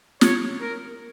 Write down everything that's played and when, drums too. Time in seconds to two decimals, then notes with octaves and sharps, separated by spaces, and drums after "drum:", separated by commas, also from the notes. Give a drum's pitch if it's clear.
0.21 C#5, drum: snare
0.61 A#4